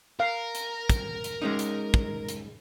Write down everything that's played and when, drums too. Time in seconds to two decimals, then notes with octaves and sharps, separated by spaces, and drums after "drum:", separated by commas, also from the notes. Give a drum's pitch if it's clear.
0.20 A#4 F5
0.55 drum: hi-hat
0.89 drum: kick, hi-hat
1.24 drum: hi-hat
1.42 G#3 C#4 D#4
1.59 drum: hi-hat
1.94 drum: kick
2.29 drum: hi-hat